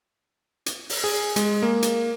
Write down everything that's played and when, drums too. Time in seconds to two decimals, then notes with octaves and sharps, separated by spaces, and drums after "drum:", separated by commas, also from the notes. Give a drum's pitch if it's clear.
0.66 drum: hi-hat
0.89 drum: open hi-hat
1.04 G#4
1.36 G#3, drum: hi-hat
1.62 A#3
1.82 drum: hi-hat